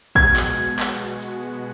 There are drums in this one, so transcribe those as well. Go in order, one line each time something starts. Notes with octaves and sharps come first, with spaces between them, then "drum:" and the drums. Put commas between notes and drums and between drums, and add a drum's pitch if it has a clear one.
B2 G#3 B3 F#4 G#6, drum: kick
drum: clap
drum: clap
drum: hi-hat